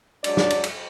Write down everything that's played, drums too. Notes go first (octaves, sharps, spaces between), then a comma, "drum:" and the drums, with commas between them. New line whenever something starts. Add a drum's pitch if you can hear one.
F#3 G#3 D4 D5, drum: cymbal
drum: snare
drum: cymbal
drum: cymbal